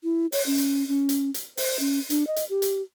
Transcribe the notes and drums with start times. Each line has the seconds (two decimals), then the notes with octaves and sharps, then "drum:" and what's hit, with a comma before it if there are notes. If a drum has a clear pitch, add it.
0.03 E4
0.32 C#5, drum: open hi-hat
0.46 C#4
0.58 drum: hi-hat
0.88 C#4
1.09 drum: hi-hat
1.34 drum: hi-hat
1.57 C5, drum: open hi-hat
1.80 C#4
2.10 D4, drum: hi-hat
2.27 D#5
2.36 drum: hi-hat
2.50 G4
2.62 drum: hi-hat